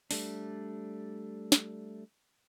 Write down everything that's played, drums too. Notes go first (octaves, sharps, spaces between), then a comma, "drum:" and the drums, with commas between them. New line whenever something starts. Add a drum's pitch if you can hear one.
G3 A3 D4, drum: open hi-hat
drum: snare